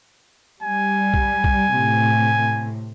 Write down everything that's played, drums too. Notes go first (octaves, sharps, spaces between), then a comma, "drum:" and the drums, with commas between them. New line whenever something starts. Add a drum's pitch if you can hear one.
G3 G#5
drum: kick B1
drum: kick B1
A2 C3